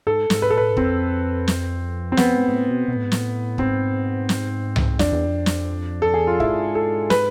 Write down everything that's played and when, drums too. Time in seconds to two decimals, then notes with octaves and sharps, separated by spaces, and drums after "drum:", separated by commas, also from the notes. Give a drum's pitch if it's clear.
0.07 G#2 A4
0.30 G#2, drum: snare
0.42 B4
0.50 A4
0.54 A2 B4
0.72 G#2
0.77 F2 C4, drum: kick
1.48 drum: snare
2.12 C4
2.17 F2 B3, drum: snare
2.35 G#2
2.48 G#2
2.53 A2
2.70 B2
2.88 B2
2.96 A2
3.04 G#2
3.12 A2, drum: snare
3.58 G#2 C4, drum: kick
4.29 drum: snare
4.76 drum: tom C2
4.99 F2 D4, drum: snare
5.13 E2
5.26 F2
5.46 drum: snare
6.02 A4
6.14 E2 G#4
6.27 F2 F4
6.40 G#2 E4, drum: kick
6.75 A4
7.10 B4, drum: snare